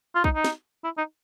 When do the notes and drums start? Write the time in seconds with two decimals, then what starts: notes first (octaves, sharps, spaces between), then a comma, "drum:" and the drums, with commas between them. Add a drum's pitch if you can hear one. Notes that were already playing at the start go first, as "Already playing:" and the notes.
0.15 F4
0.24 D#4, drum: kick
0.35 D#4
0.44 drum: snare
0.84 E4
0.98 D#4